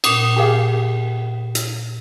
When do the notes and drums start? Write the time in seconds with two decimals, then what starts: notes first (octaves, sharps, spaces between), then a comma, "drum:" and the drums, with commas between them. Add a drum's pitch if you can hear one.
0.04 A#2 D#6, drum: cymbal
0.36 G4 G#4 F5
1.55 drum: hi-hat